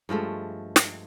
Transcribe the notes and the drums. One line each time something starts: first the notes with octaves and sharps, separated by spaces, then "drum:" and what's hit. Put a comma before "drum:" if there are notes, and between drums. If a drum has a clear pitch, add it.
G2 F3 G#3 A3
drum: snare